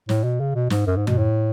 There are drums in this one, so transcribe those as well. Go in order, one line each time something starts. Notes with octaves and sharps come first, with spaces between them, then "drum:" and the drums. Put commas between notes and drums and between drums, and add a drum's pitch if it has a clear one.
A2, drum: snare
B2
C#3
B2
G#2, drum: snare
F#2
G#2
B2, drum: tom F#2
A2